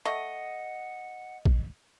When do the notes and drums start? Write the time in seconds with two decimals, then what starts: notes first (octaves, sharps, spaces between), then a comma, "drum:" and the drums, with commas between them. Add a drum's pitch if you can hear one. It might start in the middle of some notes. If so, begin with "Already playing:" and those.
0.06 A3 D#5 F#5
1.45 drum: kick